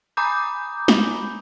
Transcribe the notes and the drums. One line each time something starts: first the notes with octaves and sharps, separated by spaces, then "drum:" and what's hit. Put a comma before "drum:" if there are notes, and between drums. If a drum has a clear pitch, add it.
G#5 A#5 B5 D6 D#6 G6
drum: snare